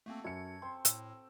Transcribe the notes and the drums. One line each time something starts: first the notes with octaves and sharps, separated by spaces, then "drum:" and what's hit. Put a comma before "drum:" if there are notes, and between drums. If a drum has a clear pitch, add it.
A3 A#3 C4 F#4 A4
F#2 G#6 C#7
C4 C6
A2 E6, drum: hi-hat